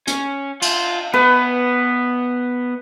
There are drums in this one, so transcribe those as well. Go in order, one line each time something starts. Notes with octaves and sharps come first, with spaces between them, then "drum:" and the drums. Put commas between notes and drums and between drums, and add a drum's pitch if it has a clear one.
C#4, drum: hi-hat
F4, drum: cymbal
B3 B4